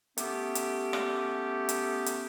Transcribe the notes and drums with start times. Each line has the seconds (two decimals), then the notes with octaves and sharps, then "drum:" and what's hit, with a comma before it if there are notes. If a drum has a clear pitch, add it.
0.18 A3 B3 C#4 G4, drum: hi-hat
0.55 drum: hi-hat
0.93 drum: rim click
1.69 drum: hi-hat
2.06 drum: hi-hat